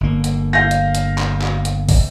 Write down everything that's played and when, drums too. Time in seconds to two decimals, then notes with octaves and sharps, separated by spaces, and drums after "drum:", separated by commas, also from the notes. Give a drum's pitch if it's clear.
0.01 G1 A#3
0.24 drum: hi-hat
0.53 F5 G6 A#6
0.71 drum: hi-hat
0.95 drum: hi-hat
1.18 drum: clap
1.42 drum: clap
1.65 drum: hi-hat
1.89 drum: kick, open hi-hat